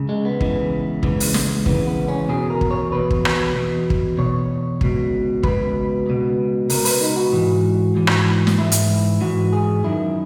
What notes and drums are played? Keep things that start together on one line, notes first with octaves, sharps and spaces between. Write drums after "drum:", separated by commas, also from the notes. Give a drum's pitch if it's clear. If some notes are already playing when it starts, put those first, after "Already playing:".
Already playing: C#2 C#3
G#3
B3
C#2 C#3 E3, drum: kick
C#2 C#3 E3, drum: kick
drum: open hi-hat
drum: snare
C#2 C#3 E3 B3, drum: kick
B3
C#4
E2 B2 G#4
A#4
drum: kick
C#5
E2 B2 B4
drum: kick
drum: rim click
E2 B2
drum: kick
E2 B2 C#5
C#2 B2, drum: kick
C#2 B2 B4, drum: kick
C#2 B2
C#2 B2 A#4, drum: open hi-hat
B4, drum: open hi-hat
D#4
F#4
G#2 E3
G#2 E3
drum: rim click
drum: snare
G#2 E3 E4
drum: hi-hat
G#2 E3 F#4
G#4
F#2 D#3 E4